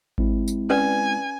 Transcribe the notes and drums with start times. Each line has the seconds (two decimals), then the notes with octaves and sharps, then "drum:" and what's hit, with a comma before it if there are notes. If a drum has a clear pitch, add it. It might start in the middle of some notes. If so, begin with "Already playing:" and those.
0.18 G#3 C4 E4, drum: kick G#1
0.48 drum: tambourine
0.70 C#4 B4 D5 G#5